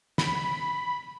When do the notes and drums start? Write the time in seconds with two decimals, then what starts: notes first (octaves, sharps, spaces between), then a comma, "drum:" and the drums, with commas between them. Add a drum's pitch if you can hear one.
0.18 B5, drum: snare